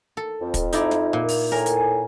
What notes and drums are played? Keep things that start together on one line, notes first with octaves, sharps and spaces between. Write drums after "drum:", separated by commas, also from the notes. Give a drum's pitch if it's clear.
A4
F2
drum: kick, hi-hat
D#4 E4 D5, drum: hi-hat
drum: snare
A#2
drum: open hi-hat
A2 A#4 G#5
drum: hi-hat